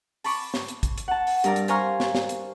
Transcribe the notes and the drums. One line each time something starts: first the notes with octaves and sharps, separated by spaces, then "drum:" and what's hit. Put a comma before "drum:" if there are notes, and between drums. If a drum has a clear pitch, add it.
A5 B5 C#6 D6, drum: open hi-hat
drum: snare
drum: hi-hat
drum: kick, hi-hat
drum: hi-hat
F#5 A5
drum: open hi-hat
G2 A#4 D5, drum: hi-hat
drum: hi-hat
C5 F5 G#5 A#5 C#6 F6, drum: hi-hat
drum: snare
drum: snare
drum: hi-hat